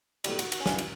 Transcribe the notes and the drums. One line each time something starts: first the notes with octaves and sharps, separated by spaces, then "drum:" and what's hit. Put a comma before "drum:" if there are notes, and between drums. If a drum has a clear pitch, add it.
B1 A2 G3 G4, drum: cymbal
F#4, drum: cymbal
F#4, drum: cymbal
C#4
F#2 C#3 E3 D4, drum: snare
drum: cymbal